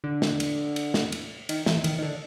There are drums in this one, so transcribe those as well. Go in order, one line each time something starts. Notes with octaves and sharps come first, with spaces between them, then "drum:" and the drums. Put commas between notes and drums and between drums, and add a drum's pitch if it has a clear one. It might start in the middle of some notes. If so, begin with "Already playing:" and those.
D3
drum: snare
drum: cymbal
drum: cymbal
drum: snare
drum: cymbal
D#3, drum: cymbal
E3, drum: snare
D#3, drum: cymbal
D#3
D3